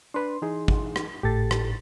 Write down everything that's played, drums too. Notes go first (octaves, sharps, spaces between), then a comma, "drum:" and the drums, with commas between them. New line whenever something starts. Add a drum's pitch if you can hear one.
D4 B4 C6
E3 D#4 G#4
drum: kick
drum: rim click
G#1 A2 G4 A4 A6
drum: rim click